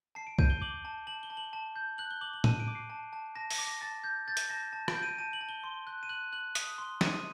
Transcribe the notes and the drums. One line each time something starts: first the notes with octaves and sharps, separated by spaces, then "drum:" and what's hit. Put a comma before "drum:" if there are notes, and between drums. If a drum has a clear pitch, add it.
A5 C7
D7
G6 D#7, drum: kick
G7
D6 F#7
A5
A5 F#7
G7
A5
F#7
A5
G6
F#6 F#7
G7
D6 F#7
F#7
A5 D#7, drum: tom
D7
D6
C7
A5
A5
A5 A#6
A#6, drum: open hi-hat
D6
A#6
A5 A6
G6
G6 A6
drum: hi-hat
A5 A#6
A5
D7, drum: rim click
G6
D#7
A5 D#7
F#7
A5
G7
C6
F#6
D#7
F#6 F#7
F#6 F#7
D#6, drum: hi-hat
C6
D#6 D#7, drum: snare